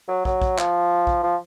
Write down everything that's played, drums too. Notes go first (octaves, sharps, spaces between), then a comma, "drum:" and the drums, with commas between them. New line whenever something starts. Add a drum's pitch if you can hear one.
F#3
F#3, drum: kick
drum: kick
F3, drum: clap
drum: kick
F3